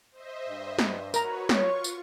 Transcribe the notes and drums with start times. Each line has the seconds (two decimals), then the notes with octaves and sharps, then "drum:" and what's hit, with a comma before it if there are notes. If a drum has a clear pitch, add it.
0.12 C5 D#5 E5
0.49 G2
0.79 drum: snare
1.14 F#4 A#4 B4 C#5 A#5, drum: tambourine
1.49 F4 C#5 C#6, drum: snare
1.84 drum: tambourine